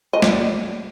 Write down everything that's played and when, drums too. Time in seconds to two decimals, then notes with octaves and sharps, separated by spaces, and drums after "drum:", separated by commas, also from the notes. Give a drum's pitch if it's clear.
0.13 D#5
0.22 D5, drum: snare